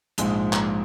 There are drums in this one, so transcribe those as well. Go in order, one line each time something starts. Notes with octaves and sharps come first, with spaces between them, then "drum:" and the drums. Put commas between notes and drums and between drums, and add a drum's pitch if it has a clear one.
A#1 G#2 F3 G#3, drum: hi-hat
drum: clap